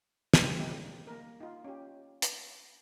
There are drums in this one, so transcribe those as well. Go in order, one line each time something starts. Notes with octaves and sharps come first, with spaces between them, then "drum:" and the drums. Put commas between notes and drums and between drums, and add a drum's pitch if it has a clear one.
G#3 C4 D#4 G4, drum: snare
G3 G#3 A#3 D#4 G4
A#3 A#4
D#4 F4
C#4 G4
drum: hi-hat